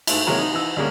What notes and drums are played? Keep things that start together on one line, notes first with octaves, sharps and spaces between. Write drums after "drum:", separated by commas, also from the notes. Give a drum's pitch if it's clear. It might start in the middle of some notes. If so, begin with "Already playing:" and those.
G#2 A3 E4, drum: cymbal
C3 E3 F#3 G#3 A#3
D#4
E3 D#4 E6
D2 G3 G#3 A#3 C#4